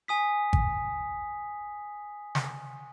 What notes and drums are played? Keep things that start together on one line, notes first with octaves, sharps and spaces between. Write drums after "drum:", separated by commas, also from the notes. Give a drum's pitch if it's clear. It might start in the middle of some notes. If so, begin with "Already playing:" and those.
G#5 D#6 B6
drum: kick G#1
drum: snare